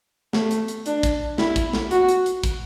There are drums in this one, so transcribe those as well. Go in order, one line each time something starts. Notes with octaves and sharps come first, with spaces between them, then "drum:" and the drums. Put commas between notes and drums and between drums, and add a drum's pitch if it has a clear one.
A3, drum: snare
drum: hi-hat
drum: hi-hat
D4, drum: hi-hat
drum: kick, hi-hat
E4, drum: snare
drum: kick, hi-hat
drum: snare
F#4, drum: hi-hat
drum: hi-hat
drum: hi-hat
drum: kick, hi-hat